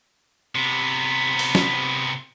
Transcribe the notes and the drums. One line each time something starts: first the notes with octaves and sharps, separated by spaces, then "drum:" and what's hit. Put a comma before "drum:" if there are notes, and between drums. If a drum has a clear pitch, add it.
C3 B3
drum: open hi-hat
drum: snare